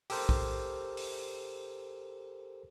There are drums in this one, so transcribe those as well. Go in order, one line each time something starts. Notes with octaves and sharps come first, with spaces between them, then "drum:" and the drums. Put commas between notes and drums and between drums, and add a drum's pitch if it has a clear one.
G4 A4 A#4 C5, drum: open hi-hat
drum: kick B1
drum: open hi-hat